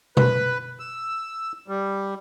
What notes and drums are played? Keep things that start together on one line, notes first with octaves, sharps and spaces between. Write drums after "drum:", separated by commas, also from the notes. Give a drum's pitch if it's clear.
B4, drum: tom B2
E6
G3